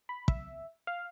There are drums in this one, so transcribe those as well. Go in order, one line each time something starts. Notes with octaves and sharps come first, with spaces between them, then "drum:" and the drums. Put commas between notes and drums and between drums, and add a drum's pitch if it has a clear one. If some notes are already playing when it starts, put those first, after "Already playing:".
B5
E5, drum: kick
F5